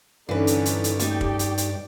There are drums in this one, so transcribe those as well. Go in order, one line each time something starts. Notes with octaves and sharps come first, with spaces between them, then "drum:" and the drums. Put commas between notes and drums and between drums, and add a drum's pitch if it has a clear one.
G2 D3 E3 C#4 D#4 B4 D5
drum: hi-hat
drum: hi-hat
drum: hi-hat
A3 D#4 G4, drum: hi-hat
drum: kick
drum: hi-hat
drum: hi-hat